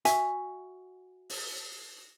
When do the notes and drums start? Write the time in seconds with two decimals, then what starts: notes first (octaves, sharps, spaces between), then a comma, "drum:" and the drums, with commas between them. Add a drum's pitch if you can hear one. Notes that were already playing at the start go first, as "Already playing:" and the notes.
0.05 F#4 E5 G#5, drum: hi-hat
1.30 drum: open hi-hat